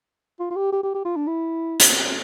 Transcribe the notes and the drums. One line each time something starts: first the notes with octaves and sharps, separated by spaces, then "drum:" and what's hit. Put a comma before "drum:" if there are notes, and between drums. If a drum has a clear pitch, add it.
F4
F4
G4
G4
G4
G4
F4
D4
E4
drum: hi-hat